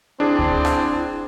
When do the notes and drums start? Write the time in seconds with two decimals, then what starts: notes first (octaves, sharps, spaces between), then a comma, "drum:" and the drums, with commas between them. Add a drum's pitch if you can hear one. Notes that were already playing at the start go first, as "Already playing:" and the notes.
0.20 C4 D4 E4 G#4
0.39 drum: kick D2
0.65 drum: rim click